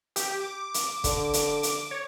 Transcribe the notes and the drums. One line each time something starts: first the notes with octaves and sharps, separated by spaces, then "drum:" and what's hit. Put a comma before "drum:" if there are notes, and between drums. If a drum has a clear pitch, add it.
G4, drum: hi-hat
D6
drum: hi-hat
D3, drum: kick, hi-hat
drum: hi-hat
drum: hi-hat
C#5